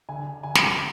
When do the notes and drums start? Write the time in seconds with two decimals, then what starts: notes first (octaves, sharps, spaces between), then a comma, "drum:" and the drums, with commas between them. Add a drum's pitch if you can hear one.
0.09 D3 G#5
0.43 D3 G#5
0.55 drum: snare